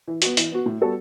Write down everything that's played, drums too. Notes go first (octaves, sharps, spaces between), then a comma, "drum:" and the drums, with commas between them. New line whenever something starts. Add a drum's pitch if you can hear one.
E3
B3 F#4, drum: hi-hat
E3, drum: hi-hat
B3 F#4
A2
G3 B3 F#4 A4